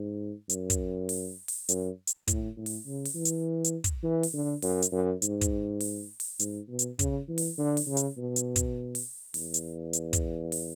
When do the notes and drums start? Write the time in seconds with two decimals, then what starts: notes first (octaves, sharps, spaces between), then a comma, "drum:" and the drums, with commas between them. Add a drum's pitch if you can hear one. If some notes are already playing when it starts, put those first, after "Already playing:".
Already playing: G#2
0.49 F#2, drum: hi-hat
0.70 drum: kick, hi-hat
1.09 drum: open hi-hat
1.48 drum: open hi-hat
1.69 F#2, drum: hi-hat
2.07 drum: hi-hat
2.28 A2, drum: kick, hi-hat
2.57 A2
2.66 drum: open hi-hat
2.86 C#3
3.05 drum: open hi-hat
3.15 E3
3.25 drum: hi-hat
3.64 drum: hi-hat
3.84 drum: kick, hi-hat
4.04 E3
4.23 drum: open hi-hat
4.34 D3
4.62 F#2, drum: open hi-hat
4.82 drum: hi-hat
4.92 F#2
5.22 G#2, drum: hi-hat
5.41 drum: kick, hi-hat
5.81 drum: open hi-hat
6.20 drum: open hi-hat
6.39 G#2, drum: hi-hat
6.68 B2
6.79 drum: hi-hat
6.99 C#3, drum: kick, hi-hat
7.28 E3
7.38 drum: open hi-hat
7.58 D3
7.77 drum: open hi-hat
7.87 C#3
7.97 drum: hi-hat
8.17 B2
8.36 drum: hi-hat
8.56 drum: kick, hi-hat
8.95 drum: open hi-hat
9.34 E2, drum: open hi-hat
9.54 drum: hi-hat
9.93 drum: hi-hat
10.13 drum: kick, hi-hat
10.52 drum: open hi-hat